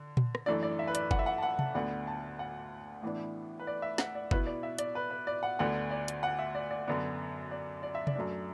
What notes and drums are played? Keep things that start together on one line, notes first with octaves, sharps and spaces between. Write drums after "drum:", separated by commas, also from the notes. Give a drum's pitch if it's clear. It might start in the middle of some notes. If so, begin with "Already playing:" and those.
Already playing: D3
drum: tom A#2
drum: rim click
F#2 E3 A3 D4 D5
D5
E5
B4
D5, drum: hi-hat
F#5, drum: kick
E5
F#5
A5
F#5
A5, drum: tom C3
D2 D3 B3 D4 F#5
A5
F#5
A2 E3 B3 D4
B4
D5
E5
F#5, drum: snare
D5
B2 B3 E4 B4, drum: kick
D5
E5
D5, drum: hi-hat
B4
B4
D5
F#5
D2 D3 B3 D4 F#5
D5
drum: hi-hat
F#5
E5
D5
D5
F#2 D3 B3 D4
D5
D5
E5
D5, drum: tom C3
F#2 F#3 A3 D4